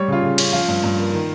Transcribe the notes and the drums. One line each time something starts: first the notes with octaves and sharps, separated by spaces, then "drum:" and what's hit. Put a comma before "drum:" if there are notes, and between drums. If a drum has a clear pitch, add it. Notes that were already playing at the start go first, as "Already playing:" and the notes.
Already playing: G3 C#5
C#3 F4
C#3
C#4, drum: cymbal
F3 F4
G2
G2
A#3
D#3